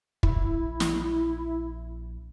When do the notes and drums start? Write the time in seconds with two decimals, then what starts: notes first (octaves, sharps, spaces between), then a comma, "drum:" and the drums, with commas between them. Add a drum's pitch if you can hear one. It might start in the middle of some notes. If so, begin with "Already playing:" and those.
0.23 A#1 E4, drum: kick
0.80 drum: snare